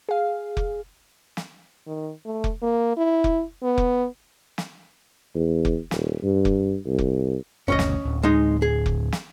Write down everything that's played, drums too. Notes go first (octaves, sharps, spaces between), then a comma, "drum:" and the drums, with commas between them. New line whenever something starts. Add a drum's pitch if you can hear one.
G#4 F5
drum: kick F1
drum: snare
D#3
A3
drum: kick F1
A#3
E4
drum: kick F1
B3
drum: kick F1
drum: snare
E2
drum: kick F1
D#1, drum: snare
G2
drum: kick F1
C2
drum: kick F1
F#1 D2 C#4 C#5 D#5
drum: snare
D1
G#3 D#4
G#4
drum: kick F1
drum: snare